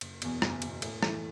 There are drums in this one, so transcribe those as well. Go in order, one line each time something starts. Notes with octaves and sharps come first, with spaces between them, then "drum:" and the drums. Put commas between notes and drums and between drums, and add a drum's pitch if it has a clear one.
F#1, drum: cymbal
E2 B2, drum: cymbal
F#1, drum: rim click
E2 B2, drum: cymbal
A2, drum: cymbal
E3 A3, drum: rim click